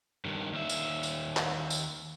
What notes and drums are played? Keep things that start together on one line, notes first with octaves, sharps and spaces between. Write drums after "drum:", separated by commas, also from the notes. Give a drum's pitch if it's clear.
G2 D#3
D#2 E5
drum: tambourine
drum: tambourine
drum: clap
drum: tambourine